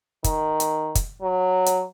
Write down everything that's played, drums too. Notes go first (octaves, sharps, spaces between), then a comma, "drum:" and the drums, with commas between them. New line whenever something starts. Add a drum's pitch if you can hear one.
D#3, drum: kick, hi-hat
drum: hi-hat
drum: kick, hi-hat
F#3
drum: hi-hat